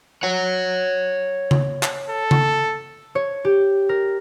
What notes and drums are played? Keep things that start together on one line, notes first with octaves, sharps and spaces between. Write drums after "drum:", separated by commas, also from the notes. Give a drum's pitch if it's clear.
C#5 F#5
drum: tom C#3
drum: clap
A4
drum: tom C#3
C#5
G4
A#4